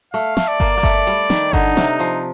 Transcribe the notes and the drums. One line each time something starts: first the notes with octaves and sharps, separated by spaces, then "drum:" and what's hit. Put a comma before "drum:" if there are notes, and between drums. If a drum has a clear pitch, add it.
A3 F5
A3, drum: snare
D5
A#3, drum: kick G1
A#3
A3, drum: kick G1
G3
D#3, drum: snare
D3 D#4, drum: kick G1
C3, drum: snare
F3